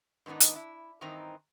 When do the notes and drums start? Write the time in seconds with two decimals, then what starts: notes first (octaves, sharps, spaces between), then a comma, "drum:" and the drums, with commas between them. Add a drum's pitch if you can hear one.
0.26 G#2 D#3 B3 D4 D#4
0.40 drum: hi-hat
0.55 E4
1.01 G2 D#3 E3 C4 D#4 A#5